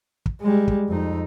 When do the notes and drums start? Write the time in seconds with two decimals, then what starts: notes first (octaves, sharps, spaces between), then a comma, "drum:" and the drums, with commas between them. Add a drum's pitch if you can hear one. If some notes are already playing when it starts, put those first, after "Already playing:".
0.26 drum: kick
0.42 G3 G#3
0.68 drum: kick
0.89 F2 D#4